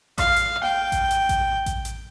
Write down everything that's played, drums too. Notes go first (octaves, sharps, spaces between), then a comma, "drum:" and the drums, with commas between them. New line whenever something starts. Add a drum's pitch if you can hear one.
F5, drum: kick A1, hi-hat
drum: hi-hat
G5
drum: kick A1, hi-hat
drum: hi-hat
drum: kick A1, hi-hat
drum: kick A1, hi-hat
drum: hi-hat